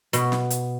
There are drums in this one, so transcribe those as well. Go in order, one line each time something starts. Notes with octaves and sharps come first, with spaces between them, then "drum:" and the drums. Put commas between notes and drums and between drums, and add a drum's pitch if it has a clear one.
B2, drum: hi-hat
drum: snare
drum: hi-hat